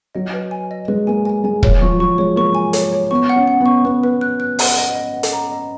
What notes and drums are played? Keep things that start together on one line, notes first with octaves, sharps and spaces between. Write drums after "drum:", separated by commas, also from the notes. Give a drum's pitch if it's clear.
F#3 D#5
B4
G#5
D#5
G#3 B4
A#3 G#5
G#5
G#3 G#5
F#3 C#5, drum: kick
F3 C#6
F#3 C#6
G#3 C#5
A#3 C#6
G#5
C#5, drum: hi-hat
C#5
B3 C#6
F#5
C#4
F#5
B3
C#6
B3 B4
B4
F#6
F#6
F#5, drum: open hi-hat
D#5
D#5
F#5
drum: hi-hat
A#5
D#5